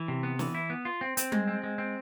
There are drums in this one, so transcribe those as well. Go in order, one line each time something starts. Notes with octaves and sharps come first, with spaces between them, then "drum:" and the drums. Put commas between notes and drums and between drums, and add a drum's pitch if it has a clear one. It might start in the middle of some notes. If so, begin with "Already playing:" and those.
Already playing: E3
C3
B3
E3, drum: snare
E4
B3
F4
C4
C4, drum: hi-hat
G#3, drum: tom G3
C4
G#3
C4